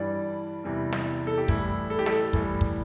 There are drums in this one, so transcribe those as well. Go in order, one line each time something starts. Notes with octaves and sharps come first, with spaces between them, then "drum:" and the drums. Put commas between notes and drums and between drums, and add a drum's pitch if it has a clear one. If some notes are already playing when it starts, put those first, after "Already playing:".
Already playing: G2 E3 G3 D5
E2 C3 E3 G3
drum: snare
A4
G4
A2 E3 G3 E4, drum: kick
A4
G4
A4, drum: snare
A2 E3 G3, drum: kick
drum: kick